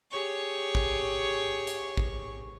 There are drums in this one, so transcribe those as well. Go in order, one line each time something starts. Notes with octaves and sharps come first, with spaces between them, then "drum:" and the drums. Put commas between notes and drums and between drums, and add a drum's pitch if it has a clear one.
G4 G#4 C#5 C#6
drum: kick A1
drum: hi-hat
drum: kick A1